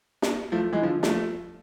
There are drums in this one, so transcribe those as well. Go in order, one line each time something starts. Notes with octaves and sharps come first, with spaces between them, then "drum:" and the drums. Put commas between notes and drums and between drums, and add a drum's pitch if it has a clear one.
drum: snare
F3 A3
E3 G#3
D3 F3
F3 A3, drum: snare